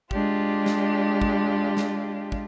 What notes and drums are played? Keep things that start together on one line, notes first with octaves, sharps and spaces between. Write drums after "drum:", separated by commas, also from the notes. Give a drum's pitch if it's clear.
G#3 D4 F4 G4, drum: kick
drum: snare
drum: kick
drum: snare
drum: kick